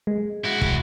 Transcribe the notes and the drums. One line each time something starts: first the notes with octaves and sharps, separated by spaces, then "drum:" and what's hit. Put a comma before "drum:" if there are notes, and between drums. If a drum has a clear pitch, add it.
G#3
E4 F#4
drum: kick